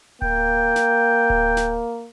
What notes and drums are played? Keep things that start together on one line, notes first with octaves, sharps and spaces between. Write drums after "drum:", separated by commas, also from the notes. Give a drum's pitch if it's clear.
A#3 G5, drum: kick D1
drum: snare
drum: kick D1
drum: snare